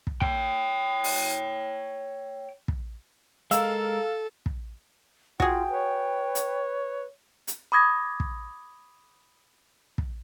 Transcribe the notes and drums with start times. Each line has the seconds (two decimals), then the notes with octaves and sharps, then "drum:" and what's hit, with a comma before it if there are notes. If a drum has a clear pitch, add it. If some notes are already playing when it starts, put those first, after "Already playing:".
0.07 drum: kick
0.22 C#5 G5, drum: kick
1.04 drum: open hi-hat
2.68 drum: kick
3.51 G#3 A4 A#4 F5 E6, drum: hi-hat
4.46 drum: kick
5.40 F4 F#4 G#4 G5, drum: kick
5.70 B4 C#5
6.35 drum: hi-hat
7.47 drum: hi-hat
7.72 B5 D6 D#6 G#6 A#6
8.20 drum: kick
9.98 drum: kick